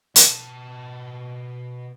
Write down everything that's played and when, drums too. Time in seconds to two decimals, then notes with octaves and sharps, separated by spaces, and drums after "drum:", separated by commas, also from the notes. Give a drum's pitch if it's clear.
0.16 B2 A5, drum: hi-hat